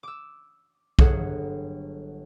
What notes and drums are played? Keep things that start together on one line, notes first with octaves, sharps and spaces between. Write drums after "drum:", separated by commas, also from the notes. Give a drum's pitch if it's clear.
D6 E6
G1 F#3 G#4 A4 F#5 G#6, drum: kick B1